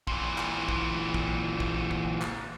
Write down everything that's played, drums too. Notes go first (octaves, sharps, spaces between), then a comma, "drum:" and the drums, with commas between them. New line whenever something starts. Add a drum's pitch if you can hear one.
A#2 E3, drum: kick
drum: clap
drum: kick
drum: kick
drum: kick
drum: kick
drum: clap